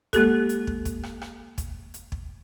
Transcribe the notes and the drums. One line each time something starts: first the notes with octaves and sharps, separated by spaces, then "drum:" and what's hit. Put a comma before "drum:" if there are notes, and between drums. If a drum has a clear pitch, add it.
G#3 A#3 G4 A4, drum: kick, hi-hat
drum: hi-hat
drum: kick
drum: kick, hi-hat
drum: rim click
drum: rim click
drum: kick, hi-hat
drum: hi-hat
drum: kick